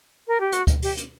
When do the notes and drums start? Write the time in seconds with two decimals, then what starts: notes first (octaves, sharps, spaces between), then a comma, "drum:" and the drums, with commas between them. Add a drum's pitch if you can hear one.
0.27 A#4
0.40 G4
0.52 F#4, drum: hi-hat
0.67 drum: kick D2, hi-hat
0.82 G4, drum: open hi-hat
0.97 drum: hi-hat